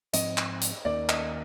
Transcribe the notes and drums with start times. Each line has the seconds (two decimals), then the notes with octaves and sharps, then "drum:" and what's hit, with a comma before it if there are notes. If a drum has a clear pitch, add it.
0.13 G#2 F3 C4 D#5, drum: hi-hat
0.37 drum: clap
0.61 drum: hi-hat
0.85 D#2 D#3 A#3 D5
1.09 D#5, drum: clap